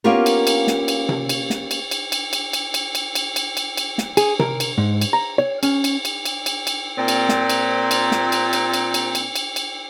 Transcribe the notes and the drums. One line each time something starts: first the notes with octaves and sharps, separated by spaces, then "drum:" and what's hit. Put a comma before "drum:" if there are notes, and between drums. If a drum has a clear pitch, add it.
A#3 B3 C#4 F4 G4 A#4
drum: cymbal
drum: cymbal
drum: snare
drum: cymbal
drum: tom C3
drum: cymbal
drum: snare
drum: cymbal
drum: cymbal
drum: cymbal
drum: cymbal
drum: cymbal
drum: cymbal
drum: cymbal
drum: cymbal
drum: cymbal
drum: cymbal
drum: cymbal
drum: snare
G#4, drum: cymbal
A#4, drum: tom C3
drum: cymbal
G#2
drum: cymbal
A#5
C#5
C#4, drum: cymbal
drum: cymbal
drum: cymbal
drum: cymbal
drum: cymbal
drum: cymbal
A#2 C4
drum: cymbal
drum: snare
drum: cymbal
drum: cymbal
drum: snare
drum: cymbal
drum: cymbal
drum: cymbal
drum: cymbal
drum: cymbal
drum: cymbal
drum: cymbal